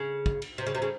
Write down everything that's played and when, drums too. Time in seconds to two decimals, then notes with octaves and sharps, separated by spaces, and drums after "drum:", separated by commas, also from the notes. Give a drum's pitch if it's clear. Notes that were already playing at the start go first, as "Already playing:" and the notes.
Already playing: C#3
0.26 drum: kick
0.42 drum: cymbal
0.58 C3
0.67 C#3
0.75 C3
0.82 C#3